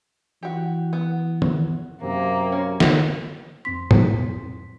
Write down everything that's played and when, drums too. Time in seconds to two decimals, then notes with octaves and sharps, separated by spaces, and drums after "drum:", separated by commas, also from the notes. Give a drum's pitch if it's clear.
0.43 E3 F#4 G4
0.93 B3
1.42 drum: tom D#3
2.03 F#2 C3 A#3
2.52 C#4
2.80 drum: snare
3.65 F2 C4 C6 B6
3.91 drum: tom